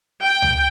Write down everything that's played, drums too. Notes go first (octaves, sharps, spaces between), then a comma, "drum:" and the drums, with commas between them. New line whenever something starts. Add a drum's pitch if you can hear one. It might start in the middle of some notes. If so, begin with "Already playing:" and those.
G5
drum: tom C#2